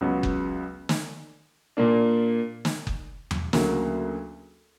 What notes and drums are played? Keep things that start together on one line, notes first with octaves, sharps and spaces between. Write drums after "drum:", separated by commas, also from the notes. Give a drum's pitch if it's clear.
C#2 C#3 F#3 B3
drum: kick F#1
drum: snare
A#2 A#3 D4
drum: snare
drum: kick F#1
drum: tom E2
D2 C#3 F#3 A#3, drum: snare